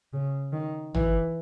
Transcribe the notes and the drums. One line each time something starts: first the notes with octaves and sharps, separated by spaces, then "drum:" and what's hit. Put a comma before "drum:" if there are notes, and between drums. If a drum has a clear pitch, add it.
C#3
D#3
E3, drum: tom